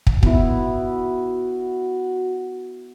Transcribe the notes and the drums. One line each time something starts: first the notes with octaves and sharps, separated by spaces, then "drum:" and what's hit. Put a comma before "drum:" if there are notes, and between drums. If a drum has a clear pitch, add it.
drum: kick
B3 E4 F#4, drum: kick